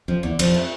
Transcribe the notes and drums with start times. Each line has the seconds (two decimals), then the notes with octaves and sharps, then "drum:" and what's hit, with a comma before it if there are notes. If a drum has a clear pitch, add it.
0.08 F2 F3
0.23 E2 D3
0.39 F2 F3, drum: cymbal
0.54 A3